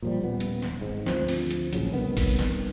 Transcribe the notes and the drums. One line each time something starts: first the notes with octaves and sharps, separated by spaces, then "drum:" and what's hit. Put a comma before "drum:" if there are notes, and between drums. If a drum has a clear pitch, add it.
A#2 F3 G3
D#1 B3
drum: hi-hat
drum: snare
G#1 G#2
D2 F3 C4, drum: snare
drum: open hi-hat
drum: hi-hat
A#1 A2 C#3 F#3, drum: hi-hat
C2 D#3 B3
drum: kick A1, open hi-hat
drum: snare